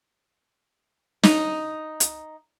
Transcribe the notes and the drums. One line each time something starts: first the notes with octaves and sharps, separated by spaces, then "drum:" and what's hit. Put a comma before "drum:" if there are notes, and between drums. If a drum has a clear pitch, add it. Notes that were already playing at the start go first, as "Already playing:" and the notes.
D#4, drum: snare
drum: hi-hat